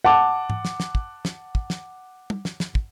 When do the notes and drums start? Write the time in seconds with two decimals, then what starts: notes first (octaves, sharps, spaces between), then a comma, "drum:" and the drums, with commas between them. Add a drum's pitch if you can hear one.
0.04 F#5 A5 D6
0.50 drum: tom G#2
0.65 drum: snare
0.80 drum: snare
0.95 drum: kick
1.25 drum: snare
1.55 drum: kick
1.70 drum: snare
2.30 drum: tom
2.45 drum: snare
2.60 drum: snare
2.75 drum: kick